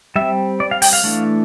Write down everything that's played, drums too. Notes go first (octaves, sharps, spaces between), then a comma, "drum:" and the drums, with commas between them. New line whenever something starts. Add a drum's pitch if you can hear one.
G3 C4 E5
D5
F5
G5, drum: open hi-hat
F5
E3 A3 D4